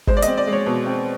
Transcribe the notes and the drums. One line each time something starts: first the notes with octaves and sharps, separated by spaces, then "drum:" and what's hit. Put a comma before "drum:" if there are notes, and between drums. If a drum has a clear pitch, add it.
G#3 C5, drum: kick G1
D5
C4 D#5, drum: hi-hat
D5
G#3
C#5
B2
C4